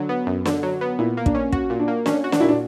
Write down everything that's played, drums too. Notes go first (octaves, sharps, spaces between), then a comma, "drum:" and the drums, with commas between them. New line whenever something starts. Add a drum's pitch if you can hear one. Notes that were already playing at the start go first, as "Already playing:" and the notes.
Already playing: D3 F#3
B3
F#2
D3, drum: snare
F#3
B3
A#2 E4
A#3
D4, drum: kick
C#4
F#4, drum: kick
A#2
D4
A#3
C#4 D4, drum: snare
F#4
D4, drum: snare
A#2 E4
D4